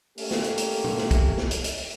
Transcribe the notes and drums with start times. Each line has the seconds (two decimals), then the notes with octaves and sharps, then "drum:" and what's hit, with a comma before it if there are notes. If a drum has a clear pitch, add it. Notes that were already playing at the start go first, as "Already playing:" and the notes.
0.18 A3 A#3 C#4 G4, drum: open hi-hat
0.31 drum: snare
0.44 drum: hi-hat
0.58 drum: hi-hat
0.71 drum: open hi-hat
0.84 drum: tom
0.98 drum: snare
1.11 drum: kick, hi-hat
1.38 drum: snare
1.51 drum: hi-hat
1.64 drum: hi-hat
1.78 drum: open hi-hat